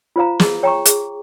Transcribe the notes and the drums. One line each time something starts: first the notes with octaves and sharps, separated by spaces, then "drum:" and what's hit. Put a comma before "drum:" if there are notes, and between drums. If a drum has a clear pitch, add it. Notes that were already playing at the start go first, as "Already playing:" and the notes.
F4 C5 F5 A#5
G#4, drum: snare
C#5 G5 A#5 C#6
G#4, drum: hi-hat